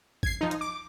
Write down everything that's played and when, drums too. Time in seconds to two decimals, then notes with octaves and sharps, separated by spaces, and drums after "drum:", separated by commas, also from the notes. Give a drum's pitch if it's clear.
0.23 G#6 C7, drum: kick
0.41 F3 D#4
0.51 drum: hi-hat
0.61 D6